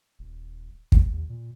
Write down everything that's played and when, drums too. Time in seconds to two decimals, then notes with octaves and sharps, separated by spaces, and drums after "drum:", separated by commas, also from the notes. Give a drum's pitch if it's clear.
0.19 D#1
0.92 D2, drum: kick
1.12 D#2
1.29 A#2